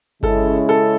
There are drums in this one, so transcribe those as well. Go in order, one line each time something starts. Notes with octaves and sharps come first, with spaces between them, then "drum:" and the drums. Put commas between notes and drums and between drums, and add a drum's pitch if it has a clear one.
C#3 G#3 C#4 E4 A4, drum: kick G1
A4